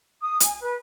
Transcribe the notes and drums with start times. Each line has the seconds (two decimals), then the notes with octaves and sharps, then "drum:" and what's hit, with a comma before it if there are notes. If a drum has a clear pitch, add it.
0.20 D#6
0.40 G#5, drum: hi-hat
0.60 B4